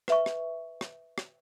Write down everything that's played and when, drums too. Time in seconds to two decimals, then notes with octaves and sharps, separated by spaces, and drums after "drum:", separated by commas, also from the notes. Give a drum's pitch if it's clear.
0.08 B4 E5 C#6, drum: rim click
0.26 drum: rim click
0.81 drum: rim click
1.18 drum: rim click